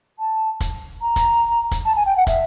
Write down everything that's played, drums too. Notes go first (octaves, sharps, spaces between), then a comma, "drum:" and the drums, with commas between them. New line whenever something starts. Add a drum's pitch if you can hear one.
A5
drum: kick, hi-hat
A#5
drum: kick, hi-hat
drum: kick, hi-hat
A5
G#5
G5
F#5
E5, drum: kick, hi-hat